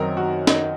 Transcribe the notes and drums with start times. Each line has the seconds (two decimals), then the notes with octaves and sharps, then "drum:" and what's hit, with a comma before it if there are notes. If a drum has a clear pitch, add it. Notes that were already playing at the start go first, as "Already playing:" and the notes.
Already playing: F#2 D#3 F#3 C4 D#4 A#4
0.17 F#4
0.47 D#4, drum: snare